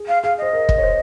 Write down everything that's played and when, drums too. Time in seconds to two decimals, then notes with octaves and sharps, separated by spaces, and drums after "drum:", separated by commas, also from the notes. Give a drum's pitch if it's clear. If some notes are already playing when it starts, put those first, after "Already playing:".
Already playing: G#4
0.08 F5
0.23 G#4 F5
0.38 C5 D#5
0.53 A#4
0.69 drum: kick
0.78 C#5
0.83 C5